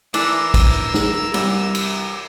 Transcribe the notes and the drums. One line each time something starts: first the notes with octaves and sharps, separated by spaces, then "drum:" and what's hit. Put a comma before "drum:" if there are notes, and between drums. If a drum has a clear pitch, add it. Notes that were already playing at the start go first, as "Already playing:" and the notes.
E3 D4 A#4 E6, drum: cymbal
drum: kick, cymbal
drum: snare
C2, drum: cymbal
drum: cymbal